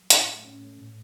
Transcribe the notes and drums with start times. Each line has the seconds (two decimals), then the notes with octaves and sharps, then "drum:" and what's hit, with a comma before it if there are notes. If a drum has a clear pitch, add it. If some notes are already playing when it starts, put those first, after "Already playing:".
Already playing: F#3
0.10 A2 C#4 E4, drum: hi-hat
0.28 A3
0.45 A2 C#4
0.63 A3
0.79 A2